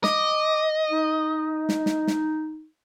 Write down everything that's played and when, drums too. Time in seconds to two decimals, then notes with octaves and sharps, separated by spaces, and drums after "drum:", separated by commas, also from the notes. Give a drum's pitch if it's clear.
0.04 D#5 D6, drum: snare
0.90 D#4
1.69 drum: snare
1.86 drum: snare
2.07 drum: snare